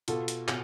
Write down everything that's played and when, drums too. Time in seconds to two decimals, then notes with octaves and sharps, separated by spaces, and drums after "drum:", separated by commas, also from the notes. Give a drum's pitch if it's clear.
0.08 B2 F4 A4, drum: hi-hat
0.28 drum: hi-hat
0.48 B2, drum: clap